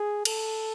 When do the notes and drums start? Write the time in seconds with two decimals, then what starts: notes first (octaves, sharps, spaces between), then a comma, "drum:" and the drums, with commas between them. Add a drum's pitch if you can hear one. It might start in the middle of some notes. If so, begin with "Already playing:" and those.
Already playing: G#4
0.25 A4, drum: cymbal